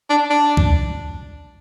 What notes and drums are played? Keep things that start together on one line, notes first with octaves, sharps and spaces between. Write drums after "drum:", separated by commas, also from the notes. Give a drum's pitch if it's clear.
D4
D4
drum: kick C2